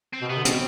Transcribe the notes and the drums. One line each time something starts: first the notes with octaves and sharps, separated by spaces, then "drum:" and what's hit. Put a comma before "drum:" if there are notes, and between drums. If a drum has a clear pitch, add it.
C4
B2
C3 B3
D3
B2 C4, drum: hi-hat